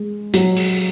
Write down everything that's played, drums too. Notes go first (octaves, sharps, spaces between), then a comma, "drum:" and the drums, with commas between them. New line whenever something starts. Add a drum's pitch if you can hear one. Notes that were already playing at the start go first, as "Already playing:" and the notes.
Already playing: G#3
F#3, drum: hi-hat
drum: open hi-hat